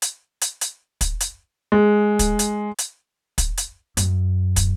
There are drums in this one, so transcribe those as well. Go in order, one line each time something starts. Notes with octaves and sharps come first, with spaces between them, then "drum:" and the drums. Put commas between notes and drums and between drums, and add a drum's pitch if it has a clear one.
drum: hi-hat
drum: hi-hat
drum: hi-hat
drum: kick, hi-hat
drum: hi-hat
G#3
drum: kick, hi-hat
drum: hi-hat
drum: hi-hat
drum: kick, hi-hat
drum: hi-hat
F#2, drum: hi-hat
drum: kick, hi-hat